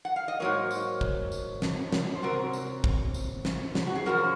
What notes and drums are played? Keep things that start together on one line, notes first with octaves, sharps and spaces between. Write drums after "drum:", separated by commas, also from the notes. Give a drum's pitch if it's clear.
F#5
F5
D#5
G#2 F#3 A#3 A#4 C#5
drum: tambourine
drum: kick
drum: tambourine
drum: snare
drum: snare
C5
C3 F#3 C4 F#4 A#4
drum: tambourine
drum: kick
drum: tambourine
drum: snare
drum: snare
F#4
G#4
F#2 C#3 F3 F#4 A#4